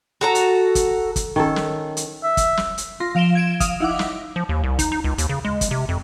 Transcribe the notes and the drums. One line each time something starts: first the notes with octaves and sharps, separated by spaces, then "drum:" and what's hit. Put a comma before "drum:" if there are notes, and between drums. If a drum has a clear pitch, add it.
F#4 A4 A#5
drum: hi-hat
drum: kick, hi-hat
drum: kick, hi-hat
D#3 C#4 A4
drum: snare
drum: hi-hat
E5
drum: kick, hi-hat
drum: snare
drum: hi-hat
F4 C6 A#6
F3 F5 D7 E7 G7
G#6 D7 E7
F5 D#6, drum: kick, hi-hat
D#4 E4 F5 F#5 D6
drum: snare
F3
D#2
C2
D#4, drum: kick, hi-hat
D#4
C#2
D#2, drum: hi-hat
C#3
G#3
drum: kick, hi-hat
C3
F2